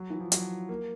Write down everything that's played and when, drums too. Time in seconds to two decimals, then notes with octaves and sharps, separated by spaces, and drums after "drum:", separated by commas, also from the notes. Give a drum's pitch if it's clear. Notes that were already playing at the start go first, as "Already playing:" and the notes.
Already playing: F#3
0.10 E3
0.20 F3
0.32 F#3, drum: hi-hat
0.69 A#3